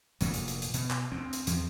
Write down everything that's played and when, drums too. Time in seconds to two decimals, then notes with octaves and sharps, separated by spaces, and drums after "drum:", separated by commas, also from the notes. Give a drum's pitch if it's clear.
0.21 F1 D2 A#2 F#3, drum: hi-hat
0.34 drum: hi-hat
0.48 drum: hi-hat
0.62 drum: hi-hat
0.74 B2, drum: hi-hat
0.90 drum: clap
1.12 D2 C4
1.33 drum: hi-hat
1.47 E2 F3 C4, drum: hi-hat